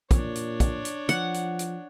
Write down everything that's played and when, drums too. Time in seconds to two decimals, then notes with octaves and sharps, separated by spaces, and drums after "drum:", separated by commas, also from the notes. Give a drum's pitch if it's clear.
0.11 A#2 D4 C#5, drum: kick, hi-hat
0.35 drum: hi-hat
0.60 drum: kick, hi-hat
0.85 drum: hi-hat
1.09 F3 F#5, drum: hi-hat
1.34 drum: hi-hat
1.59 drum: hi-hat